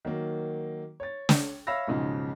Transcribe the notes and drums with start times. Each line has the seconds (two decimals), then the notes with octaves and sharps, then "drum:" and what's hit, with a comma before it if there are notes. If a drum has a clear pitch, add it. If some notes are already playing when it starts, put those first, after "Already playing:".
0.05 D#3 F#3 A#3
1.00 C#5 A6
1.29 drum: snare
1.67 C#5 E5 F5 B5 E6 A#6
1.88 B1 G#2 C#3 F3